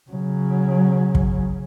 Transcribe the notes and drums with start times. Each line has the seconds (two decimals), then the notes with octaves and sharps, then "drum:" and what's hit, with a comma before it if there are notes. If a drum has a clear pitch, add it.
0.10 C#3 F#3
1.15 drum: kick